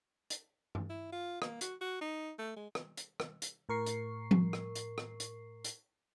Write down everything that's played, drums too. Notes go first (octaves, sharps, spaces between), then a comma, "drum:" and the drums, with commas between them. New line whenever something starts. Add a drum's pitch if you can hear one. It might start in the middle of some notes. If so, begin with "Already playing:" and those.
drum: hi-hat
drum: tom G2
E4
F4
A#3, drum: rim click
F#4, drum: hi-hat
F#4
D#4
A3
G#3
drum: rim click
drum: hi-hat
drum: rim click
drum: hi-hat
A2 A#4 C#6 C7
drum: hi-hat
drum: tom F3
drum: rim click
drum: hi-hat
drum: rim click
drum: hi-hat
drum: hi-hat